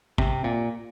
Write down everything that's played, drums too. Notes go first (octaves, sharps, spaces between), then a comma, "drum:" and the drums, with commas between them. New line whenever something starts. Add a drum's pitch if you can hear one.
C3, drum: kick
A#2